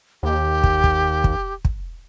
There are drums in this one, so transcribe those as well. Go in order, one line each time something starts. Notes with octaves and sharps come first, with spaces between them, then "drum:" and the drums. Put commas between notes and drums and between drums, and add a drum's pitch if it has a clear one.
D#2 G4
drum: kick
drum: kick
drum: kick
drum: kick